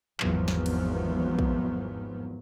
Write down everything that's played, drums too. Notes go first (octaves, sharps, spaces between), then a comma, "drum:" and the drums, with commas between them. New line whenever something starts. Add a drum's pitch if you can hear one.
G#1 E2 F3 F#3 B3, drum: clap
drum: snare
drum: cymbal
drum: kick